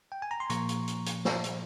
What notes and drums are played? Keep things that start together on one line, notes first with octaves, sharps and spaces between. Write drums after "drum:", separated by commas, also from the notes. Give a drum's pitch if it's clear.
G5
G#5
A#5
C6
A#2 F3 A#3 A#5 C#6, drum: hi-hat
drum: hi-hat
drum: hi-hat
drum: hi-hat
drum: snare
drum: hi-hat